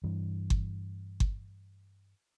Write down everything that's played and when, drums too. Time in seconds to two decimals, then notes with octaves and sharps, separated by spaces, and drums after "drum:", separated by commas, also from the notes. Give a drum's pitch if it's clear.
0.04 G2 E3
0.50 drum: kick G1
1.20 drum: kick G1